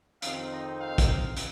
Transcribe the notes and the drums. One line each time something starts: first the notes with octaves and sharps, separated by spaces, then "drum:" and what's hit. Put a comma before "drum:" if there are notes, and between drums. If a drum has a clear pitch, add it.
F2 D#3 C4 D#4 F5, drum: hi-hat
D#5
F5
drum: kick, hi-hat
drum: hi-hat